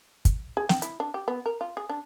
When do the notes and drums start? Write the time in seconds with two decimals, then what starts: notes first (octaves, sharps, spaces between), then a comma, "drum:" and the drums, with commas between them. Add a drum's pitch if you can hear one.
0.25 drum: kick, hi-hat
0.57 G#4
0.69 G5, drum: snare
0.82 E4, drum: hi-hat
1.00 D4
1.14 G4
1.28 B3
1.46 A#4
1.61 F4
1.77 G#4
1.89 D4